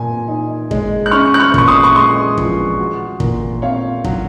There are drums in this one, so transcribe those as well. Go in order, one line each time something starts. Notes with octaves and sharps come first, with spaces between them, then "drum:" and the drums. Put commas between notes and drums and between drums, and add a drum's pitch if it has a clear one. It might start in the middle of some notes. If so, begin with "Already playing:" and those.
Already playing: A#2 G#5
D#4
G#3, drum: kick
F#6
C#4 C#6 F6
F#6
C#6 F6
A#2 C#6, drum: kick
C6 D#6
C#6
G#3 C6 D#6
F3, drum: kick
F#4
A#2, drum: kick
C4 C#5 F5
F#3, drum: kick